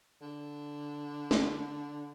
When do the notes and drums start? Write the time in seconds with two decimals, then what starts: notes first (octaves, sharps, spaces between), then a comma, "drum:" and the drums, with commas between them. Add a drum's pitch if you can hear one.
0.21 D3
1.31 drum: snare